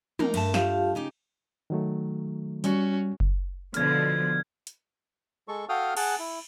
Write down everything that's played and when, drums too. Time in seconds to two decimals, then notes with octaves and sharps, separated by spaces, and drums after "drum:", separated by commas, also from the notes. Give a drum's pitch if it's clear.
0.19 F3 A#3 D#4 A#4, drum: tom
0.34 G2 A3 A5, drum: cymbal
0.54 F4 G4 F5, drum: snare
0.95 C#3 D#4 G4
1.70 D#3 F#3 A3
2.64 G3 C#4 F#4, drum: hi-hat
3.20 drum: kick F#1
3.74 B2 D3 F3 F6 G#6, drum: hi-hat
4.67 drum: hi-hat
5.48 G#3 A4 C#6
5.69 F#4 A4 F5 G5 D#6 F6
5.97 G#4 F#5 A5, drum: cymbal
6.19 E4